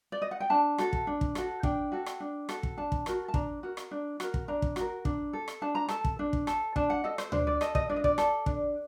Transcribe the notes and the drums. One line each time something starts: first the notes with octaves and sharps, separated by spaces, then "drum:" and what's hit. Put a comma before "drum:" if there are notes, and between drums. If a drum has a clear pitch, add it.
D5
D#5
F#5
G5
D4 A5
F#4 A4, drum: rim click
drum: kick
D4
drum: kick
F#4 A4, drum: rim click
D4 G5, drum: kick
F#4 A4
drum: rim click
D4
F#4 A4, drum: rim click
drum: kick
D4 A5
drum: kick
F#4 A#4, drum: rim click
A5
D4 A#5, drum: kick
F#4 A#4
drum: rim click
D4
F#4 A#4, drum: rim click
drum: kick
D4 A#5
drum: kick
F#4 A#4, drum: rim click
D4, drum: kick
A4
drum: rim click
D4 A5
A#5
A4 A5, drum: rim click
drum: kick
D4
drum: kick
A4, drum: rim click
D4 A5, drum: kick
F#5
A4 D#5
C5, drum: rim click
D4 C5, drum: tom D2
D5
A4 D#5, drum: rim click
D#5, drum: kick
D4 D5
D#5
D5, drum: kick
A4, drum: rim click
D4, drum: kick